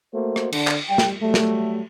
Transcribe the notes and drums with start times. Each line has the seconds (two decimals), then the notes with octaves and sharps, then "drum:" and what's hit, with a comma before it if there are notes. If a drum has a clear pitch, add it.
0.14 A3 A#3 F#4 C5
0.36 drum: rim click
0.52 D3, drum: cymbal
0.67 drum: clap
0.89 G3 G5
0.98 drum: snare
1.22 F#3 G3 A3
1.34 drum: snare